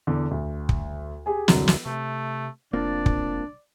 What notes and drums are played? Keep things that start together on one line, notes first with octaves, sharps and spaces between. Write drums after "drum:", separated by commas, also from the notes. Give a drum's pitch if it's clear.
E2 D3
D2
drum: kick
G4 G#4 G#5
E1 C2 D3 F#3, drum: snare
drum: snare
C3 A3
F1 A#3 C4 D4 F4 D5
drum: kick